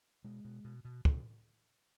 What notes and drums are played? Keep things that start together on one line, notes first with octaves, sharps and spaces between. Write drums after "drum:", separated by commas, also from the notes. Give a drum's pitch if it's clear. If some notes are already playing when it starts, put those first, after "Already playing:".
B2 G#3
B2
B2
B2
B2, drum: kick